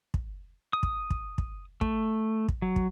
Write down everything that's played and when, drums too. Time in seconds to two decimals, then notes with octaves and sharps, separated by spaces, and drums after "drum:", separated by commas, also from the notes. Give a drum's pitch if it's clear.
0.14 drum: kick
0.73 D#6
0.83 drum: kick
1.10 drum: kick
1.38 drum: kick
1.81 A3, drum: kick
2.48 drum: kick
2.62 F#3
2.76 drum: kick